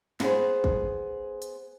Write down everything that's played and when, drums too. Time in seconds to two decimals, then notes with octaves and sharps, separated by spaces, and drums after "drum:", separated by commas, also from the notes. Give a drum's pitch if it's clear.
0.20 B3 G#4 C5, drum: snare
0.64 drum: kick
1.42 drum: hi-hat